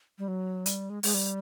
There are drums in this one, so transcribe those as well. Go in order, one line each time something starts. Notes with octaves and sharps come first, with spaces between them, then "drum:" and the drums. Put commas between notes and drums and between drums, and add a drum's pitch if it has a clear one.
G3
F#3
G3, drum: hi-hat
G#3
G#3, drum: open hi-hat
G3